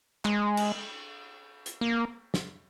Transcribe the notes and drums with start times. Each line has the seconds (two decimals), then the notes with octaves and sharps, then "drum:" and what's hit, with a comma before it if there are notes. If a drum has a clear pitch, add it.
0.25 G#3, drum: clap
0.57 drum: cymbal
1.66 drum: hi-hat
1.81 A#3
2.34 drum: snare